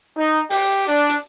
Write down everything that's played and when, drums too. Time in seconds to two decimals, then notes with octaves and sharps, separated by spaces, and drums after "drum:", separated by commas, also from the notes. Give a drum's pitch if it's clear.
0.15 D#4
0.50 G4, drum: open hi-hat
0.87 D4
1.09 drum: hi-hat